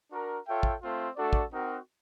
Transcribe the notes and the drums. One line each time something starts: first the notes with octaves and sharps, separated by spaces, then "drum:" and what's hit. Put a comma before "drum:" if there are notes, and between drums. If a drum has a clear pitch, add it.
D4 F#4 A#4
F4 A4 C#5 E5 G5
drum: kick
A3 C4 F4
A3 D4 F#4 A4 D5
drum: kick
C4 D#4 F#4 A#4